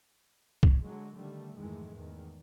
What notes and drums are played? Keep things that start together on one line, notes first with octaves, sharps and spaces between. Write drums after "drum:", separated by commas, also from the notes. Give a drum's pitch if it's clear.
drum: kick C2
D3 F#3 G#3
D3 D#3 G3 A3
F2 G#2 D#3 E3 G#3 A3
E2 D#3